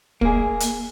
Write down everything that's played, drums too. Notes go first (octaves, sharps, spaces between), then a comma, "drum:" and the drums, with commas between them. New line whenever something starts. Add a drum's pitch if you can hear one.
A#3 G#4, drum: kick
drum: hi-hat